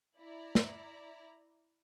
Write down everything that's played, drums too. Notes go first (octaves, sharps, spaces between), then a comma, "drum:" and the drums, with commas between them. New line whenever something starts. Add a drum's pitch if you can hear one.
E4 D5 A#5
drum: snare